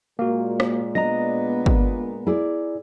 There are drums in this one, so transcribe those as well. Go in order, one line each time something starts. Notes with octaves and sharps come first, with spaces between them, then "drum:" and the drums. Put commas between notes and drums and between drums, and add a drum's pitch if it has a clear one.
A#2 G#3 A#3 F#4
drum: rim click
B3 D4 D#5 A#5 A#6
drum: kick
E4 G#4 D5